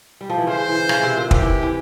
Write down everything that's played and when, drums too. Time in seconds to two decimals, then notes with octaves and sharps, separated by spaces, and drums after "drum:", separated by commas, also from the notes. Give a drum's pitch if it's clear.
0.21 G3
0.30 F3
0.38 E3
0.47 C#3 C5
0.69 E3
0.89 C#3, drum: rim click
1.03 C3
1.17 A#2
1.31 C3 G4, drum: kick
1.42 E3
1.63 E3